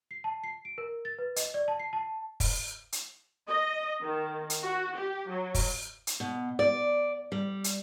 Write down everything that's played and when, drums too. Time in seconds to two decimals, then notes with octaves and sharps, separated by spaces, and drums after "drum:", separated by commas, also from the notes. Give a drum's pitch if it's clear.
0.11 C7
0.24 A5
0.44 C7
0.65 D7
0.78 A#4
1.05 A6
1.19 B4
1.36 D#5, drum: hi-hat
1.54 D5
1.68 A5
1.79 C7
1.93 A5
2.40 drum: kick, open hi-hat
2.92 drum: hi-hat
3.47 D#5
4.02 D#3
4.50 drum: hi-hat
4.61 F#4
4.95 G4
5.28 F#3
5.55 drum: kick, open hi-hat
6.07 drum: hi-hat
6.20 B2
6.59 D5
7.32 G3
7.64 drum: hi-hat